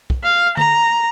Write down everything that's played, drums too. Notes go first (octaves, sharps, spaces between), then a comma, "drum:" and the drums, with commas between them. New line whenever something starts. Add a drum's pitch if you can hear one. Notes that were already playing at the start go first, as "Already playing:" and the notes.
drum: kick
F5
A#5, drum: tom